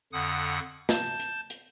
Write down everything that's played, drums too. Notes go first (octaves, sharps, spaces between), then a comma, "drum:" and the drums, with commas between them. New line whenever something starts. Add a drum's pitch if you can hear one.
F2 D3 F#5 D#6
A5 G6, drum: snare
drum: hi-hat
drum: hi-hat